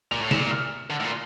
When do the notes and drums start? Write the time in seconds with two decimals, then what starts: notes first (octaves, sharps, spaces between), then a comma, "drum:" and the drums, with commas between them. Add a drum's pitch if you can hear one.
0.11 A#2 F7
0.21 A2
0.31 A#2 E7, drum: snare
0.51 F6
0.90 D3
1.00 A2
1.04 A#2